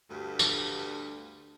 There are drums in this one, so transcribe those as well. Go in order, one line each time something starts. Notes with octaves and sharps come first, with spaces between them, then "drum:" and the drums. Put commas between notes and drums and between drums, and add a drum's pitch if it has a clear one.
D2 G2
drum: tambourine